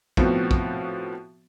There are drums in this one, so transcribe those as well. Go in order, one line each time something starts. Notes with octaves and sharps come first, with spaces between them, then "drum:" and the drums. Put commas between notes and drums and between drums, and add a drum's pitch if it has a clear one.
A2 F3 B3 C4 F#4, drum: kick
drum: kick